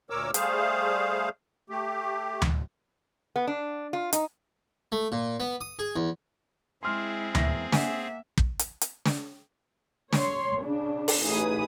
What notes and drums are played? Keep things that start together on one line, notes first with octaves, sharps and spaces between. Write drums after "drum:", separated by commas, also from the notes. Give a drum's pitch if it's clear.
D2 A#2 A#4 C#5 D6 E6
G3 A3 G#4 C5 F5, drum: hi-hat
A3 G4
drum: tom D2
B3
D4
F4
D#4, drum: hi-hat
A3
A#2
B3
D#6
G#4
E2
G#3 C4 E4 G#4 C6 F6
E2 A#3 E5 A#6, drum: tom D2
A#3 E5 F#5 G#5, drum: snare
drum: kick
drum: hi-hat
drum: hi-hat
drum: snare
C#5 C6, drum: snare
C#3 D4
drum: open hi-hat
A1 D#4 G#4 B4 D#6